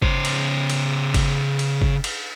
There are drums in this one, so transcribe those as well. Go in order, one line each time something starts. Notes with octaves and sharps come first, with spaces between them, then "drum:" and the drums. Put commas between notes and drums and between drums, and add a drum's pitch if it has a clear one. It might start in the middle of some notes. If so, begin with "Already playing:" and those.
C#3 C5, drum: kick G1
drum: cymbal
drum: cymbal
drum: kick G1, cymbal
drum: cymbal
drum: kick G1
drum: cymbal